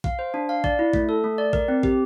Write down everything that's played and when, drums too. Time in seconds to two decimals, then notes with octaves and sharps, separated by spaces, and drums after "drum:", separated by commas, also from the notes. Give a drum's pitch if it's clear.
0.04 F5, drum: kick
0.19 C5
0.34 D4
0.49 F5
0.64 D5, drum: kick
0.79 E4
0.93 A3, drum: kick
1.09 A4
1.24 A3
1.38 D5
1.53 A#4, drum: kick
1.68 C4
1.83 G4, drum: kick